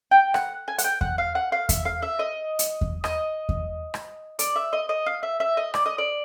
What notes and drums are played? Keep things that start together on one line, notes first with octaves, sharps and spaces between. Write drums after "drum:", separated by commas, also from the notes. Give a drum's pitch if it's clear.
G5
F#5, drum: rim click
G#5
F#5, drum: hi-hat
G5
F#5, drum: kick E2
F5
F#5
F5
E5, drum: kick E2, hi-hat
F5
E5
D#5
drum: hi-hat
drum: kick E2
D#5, drum: rim click
drum: kick E2
drum: rim click
D5, drum: hi-hat
E5
D#5
D#5
F5
E5
E5
D#5
D5, drum: rim click
D#5
D5